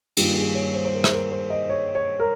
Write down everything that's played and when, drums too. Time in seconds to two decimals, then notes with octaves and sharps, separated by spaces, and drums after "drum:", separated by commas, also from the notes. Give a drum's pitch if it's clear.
0.17 G2 D#3 A#3 G4, drum: cymbal
0.36 G#4
0.55 C#5
0.74 C5
0.85 C5
0.94 A#4
1.04 C5, drum: rim click
1.12 A#4
1.32 C5
1.50 D#5
1.69 C#5
1.95 C#5
2.20 A#4